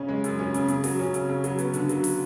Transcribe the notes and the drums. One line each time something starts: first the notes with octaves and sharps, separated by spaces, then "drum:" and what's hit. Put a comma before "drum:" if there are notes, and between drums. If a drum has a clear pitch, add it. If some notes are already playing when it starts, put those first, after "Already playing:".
Already playing: C#3 C#4
G#3
F#2, drum: hi-hat
C#4
C#3, drum: hi-hat
C#3, drum: hi-hat
F#3, drum: open hi-hat
C#4
C#3, drum: hi-hat
C#3
F#3, drum: hi-hat
B3, drum: hi-hat
D3, drum: hi-hat
F#3, drum: hi-hat
drum: open hi-hat